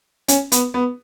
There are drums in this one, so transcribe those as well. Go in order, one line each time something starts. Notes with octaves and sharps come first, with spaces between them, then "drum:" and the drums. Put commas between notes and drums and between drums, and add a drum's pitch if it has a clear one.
C#4, drum: hi-hat
B3, drum: hi-hat
B3